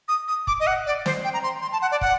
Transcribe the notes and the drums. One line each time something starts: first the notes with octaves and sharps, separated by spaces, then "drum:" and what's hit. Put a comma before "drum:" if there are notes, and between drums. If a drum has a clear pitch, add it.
D#6
D#6
D6, drum: kick
D#5
F#5
D5
C5, drum: snare
G5
A#5
C6
C6
A5
F#5
D5
F#5, drum: kick